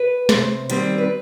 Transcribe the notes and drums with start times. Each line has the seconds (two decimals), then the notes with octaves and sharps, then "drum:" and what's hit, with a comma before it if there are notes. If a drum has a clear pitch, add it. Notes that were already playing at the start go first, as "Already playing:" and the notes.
Already playing: B4
0.29 C3 C5, drum: snare
0.70 D#3 G3 C4, drum: hi-hat
0.98 B4